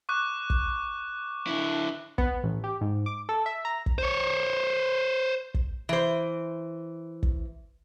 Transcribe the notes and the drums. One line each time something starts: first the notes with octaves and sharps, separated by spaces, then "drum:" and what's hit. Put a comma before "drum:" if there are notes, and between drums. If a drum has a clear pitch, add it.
C#6 D6 F#6
drum: kick
D3 E4
B3, drum: kick
A1
G4
G#2
D6
A4
E5
A#5
drum: kick
C5 C#5
drum: kick
E3 C5
drum: kick